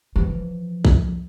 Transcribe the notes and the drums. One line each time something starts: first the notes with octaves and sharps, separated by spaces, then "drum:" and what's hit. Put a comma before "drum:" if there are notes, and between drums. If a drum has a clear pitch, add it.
E3 F3
drum: kick A#1